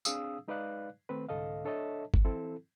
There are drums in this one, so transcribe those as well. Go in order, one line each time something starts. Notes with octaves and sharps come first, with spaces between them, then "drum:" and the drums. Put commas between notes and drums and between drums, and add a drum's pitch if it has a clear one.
C4 D4 G#4 F5 D#6 E6, drum: tambourine
G#3 D#4 B4 D5 F5 F#6
D#3 A3 C4 B4
C2 G#2 D3 A4 D#5 F5
D4 A4 C#5 D#5 E5 A5
drum: kick G1
E3 C4 E4 A4